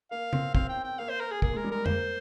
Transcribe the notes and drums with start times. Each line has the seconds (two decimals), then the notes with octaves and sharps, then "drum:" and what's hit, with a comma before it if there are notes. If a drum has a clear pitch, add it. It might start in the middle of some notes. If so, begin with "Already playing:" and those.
0.11 A#3 F5
0.33 C4, drum: tom
0.55 C4 F5, drum: kick
0.70 G5
0.84 G5
0.99 A#3 F5
1.09 C5
1.20 A#4
1.31 G#4
1.42 A#3 G#4, drum: kick
1.53 G#3
1.57 A#4
1.64 G3
1.71 G#3 A#4
1.86 A#3 C5, drum: tom F2